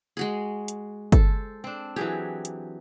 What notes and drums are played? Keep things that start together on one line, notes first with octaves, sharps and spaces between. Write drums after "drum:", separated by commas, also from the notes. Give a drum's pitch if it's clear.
G#3 F#4 G#4
drum: hi-hat
A4 C5, drum: kick, hi-hat
C4 D4
E3 F#3 G4 G#4
drum: hi-hat